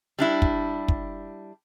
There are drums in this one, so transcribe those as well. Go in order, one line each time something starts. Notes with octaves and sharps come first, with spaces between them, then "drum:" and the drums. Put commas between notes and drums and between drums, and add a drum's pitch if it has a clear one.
G3 D4 E4
drum: kick
drum: kick